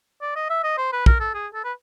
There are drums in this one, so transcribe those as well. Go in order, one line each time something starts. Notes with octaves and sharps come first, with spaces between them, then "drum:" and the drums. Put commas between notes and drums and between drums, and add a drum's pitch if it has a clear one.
D5
D#5
E5
D#5
C5
B4
A#4, drum: kick
A4
G#4
A4
B4